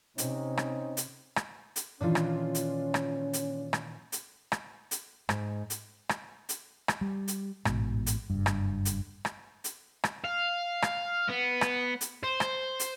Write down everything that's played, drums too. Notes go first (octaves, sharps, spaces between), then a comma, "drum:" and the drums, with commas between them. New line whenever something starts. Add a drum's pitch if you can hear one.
C3 C4 C#4 D#4, drum: hi-hat
drum: rim click
drum: hi-hat
drum: rim click
drum: hi-hat
A#2 D#3 E3 C#4 D4 F4
drum: rim click
drum: hi-hat
drum: rim click
drum: hi-hat
drum: rim click
drum: hi-hat
drum: rim click
drum: hi-hat
G#2, drum: rim click
drum: hi-hat
drum: rim click
drum: hi-hat
drum: rim click
G3
drum: hi-hat
A1 G#2 B2, drum: rim click
drum: hi-hat
F#1 G2
drum: rim click
drum: hi-hat
drum: rim click
drum: hi-hat
drum: rim click
F5
drum: rim click
B3
drum: rim click
drum: hi-hat
C5
drum: rim click
drum: hi-hat